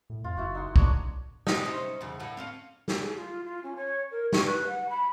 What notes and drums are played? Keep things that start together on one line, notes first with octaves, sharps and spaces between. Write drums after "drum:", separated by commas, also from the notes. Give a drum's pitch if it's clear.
A2
F2 F4
F#1 E4 F#4
D#4 F#5 C6
D3 D4 C#5, drum: kick
B3 D#4, drum: snare
C3 C#4 C5
E2 C#3
A2 D3 A3
C4 C#4 F4
drum: snare
G#4
F4
F4
C#4
C#5
A#4
C#6, drum: snare
B4
F#5
B5